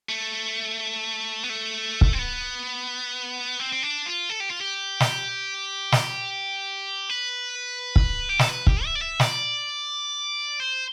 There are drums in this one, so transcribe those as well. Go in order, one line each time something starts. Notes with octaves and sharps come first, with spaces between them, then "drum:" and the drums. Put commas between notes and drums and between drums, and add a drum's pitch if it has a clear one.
A3
B3
A3
drum: kick
C4
B3
C4
C4
D4
F4
A4
G4
F4
G4
drum: snare
drum: snare
B4
drum: kick
G4
A4, drum: snare
B4
G4, drum: kick
E5
D5
E5
D5, drum: snare
C5